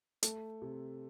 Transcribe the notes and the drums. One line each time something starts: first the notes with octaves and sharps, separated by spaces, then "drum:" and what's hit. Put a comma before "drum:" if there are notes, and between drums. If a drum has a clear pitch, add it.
A3, drum: hi-hat
C3